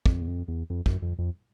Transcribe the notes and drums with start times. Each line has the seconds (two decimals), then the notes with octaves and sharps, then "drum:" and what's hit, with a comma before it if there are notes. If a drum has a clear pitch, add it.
0.06 F2, drum: kick
0.21 E2
0.28 F2
0.48 E2
0.70 F2
0.86 F#2, drum: kick
1.02 F2
1.19 F2